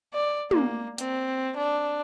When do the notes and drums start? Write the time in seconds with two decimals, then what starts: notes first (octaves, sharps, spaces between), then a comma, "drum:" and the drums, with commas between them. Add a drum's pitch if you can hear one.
0.14 D5
0.51 A#3, drum: tom
0.98 C4, drum: hi-hat
1.57 D4